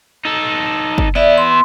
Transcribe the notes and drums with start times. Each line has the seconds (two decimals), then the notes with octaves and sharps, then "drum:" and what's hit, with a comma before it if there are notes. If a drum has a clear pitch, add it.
0.25 D#4 A4
0.98 drum: kick
1.15 B3 E4 D5 E5
1.38 C6